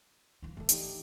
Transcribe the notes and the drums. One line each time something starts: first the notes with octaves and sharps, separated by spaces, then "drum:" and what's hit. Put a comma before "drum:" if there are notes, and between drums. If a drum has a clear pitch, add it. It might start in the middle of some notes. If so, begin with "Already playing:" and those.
E3 F3
E3 A3 A#3 A4
D4 D#4 G4, drum: hi-hat